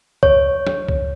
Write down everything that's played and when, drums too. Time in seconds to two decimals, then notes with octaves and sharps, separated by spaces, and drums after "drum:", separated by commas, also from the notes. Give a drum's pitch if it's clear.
0.23 C#5, drum: kick C2
0.67 drum: snare
0.89 drum: kick C2